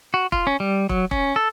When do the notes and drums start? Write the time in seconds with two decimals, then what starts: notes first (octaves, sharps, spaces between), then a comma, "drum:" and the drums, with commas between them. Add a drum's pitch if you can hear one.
0.14 F#4
0.32 F4, drum: kick
0.47 C#4
0.60 G3
0.89 F#3, drum: kick
1.11 C#4, drum: kick
1.36 A4